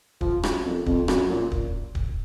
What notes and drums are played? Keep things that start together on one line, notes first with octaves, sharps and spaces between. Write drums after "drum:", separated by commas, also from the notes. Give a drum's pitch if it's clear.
F3, drum: kick
F#2, drum: rim click
F2
F2, drum: kick
F#2, drum: rim click
A#2
drum: kick
drum: kick